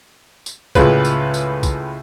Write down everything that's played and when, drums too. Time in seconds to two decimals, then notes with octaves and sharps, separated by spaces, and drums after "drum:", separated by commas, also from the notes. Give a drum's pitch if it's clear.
0.46 drum: tambourine
0.75 C#2 A2 G#3 F4 B4, drum: kick, tambourine
1.05 drum: tambourine
1.34 drum: tambourine
1.63 drum: kick, tambourine